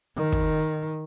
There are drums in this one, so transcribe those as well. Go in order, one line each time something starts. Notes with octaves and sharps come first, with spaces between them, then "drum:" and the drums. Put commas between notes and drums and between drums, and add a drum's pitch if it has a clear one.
D#3
drum: kick